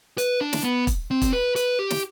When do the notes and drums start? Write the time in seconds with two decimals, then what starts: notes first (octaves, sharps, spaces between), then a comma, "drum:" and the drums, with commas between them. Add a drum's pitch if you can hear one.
0.18 B4, drum: hi-hat
0.41 D4
0.53 drum: snare
0.64 B3
0.87 drum: kick, hi-hat
1.11 C4
1.22 drum: kick, hi-hat
1.33 B4
1.56 B4, drum: hi-hat
1.79 G4
1.90 drum: snare